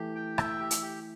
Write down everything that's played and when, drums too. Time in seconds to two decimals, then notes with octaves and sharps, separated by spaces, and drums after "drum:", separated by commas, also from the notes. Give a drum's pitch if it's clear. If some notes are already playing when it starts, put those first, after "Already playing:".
Already playing: E3 A3 G4
0.15 G5
0.38 E5, drum: rim click
0.60 G4
0.71 drum: hi-hat
0.82 G4